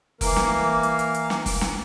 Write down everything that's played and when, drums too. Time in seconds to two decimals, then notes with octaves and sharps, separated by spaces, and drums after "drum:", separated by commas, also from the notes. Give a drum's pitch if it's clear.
0.21 E3 A#3 A#4, drum: kick F1, open hi-hat
0.36 drum: snare
0.83 drum: hi-hat
0.99 drum: hi-hat
1.14 drum: hi-hat
1.30 drum: snare
1.46 drum: kick F1, open hi-hat
1.61 drum: snare